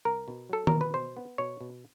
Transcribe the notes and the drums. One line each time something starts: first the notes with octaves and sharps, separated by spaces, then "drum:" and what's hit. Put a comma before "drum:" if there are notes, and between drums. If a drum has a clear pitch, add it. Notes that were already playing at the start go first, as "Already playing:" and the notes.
C2 A#4
B2
F#3 A4
B2 A#4, drum: tom D#3
B4
B2 C5
B3
B2 C#5
B2